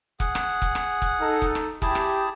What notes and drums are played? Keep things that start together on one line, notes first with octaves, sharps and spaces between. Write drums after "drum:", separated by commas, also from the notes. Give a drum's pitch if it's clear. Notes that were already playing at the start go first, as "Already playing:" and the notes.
G#4 F#5, drum: kick F1
drum: rim click
drum: kick F1
drum: rim click
drum: kick F1
D#4 A4
drum: kick F1
drum: rim click
E4 G4 G#4 A5, drum: kick F1
drum: rim click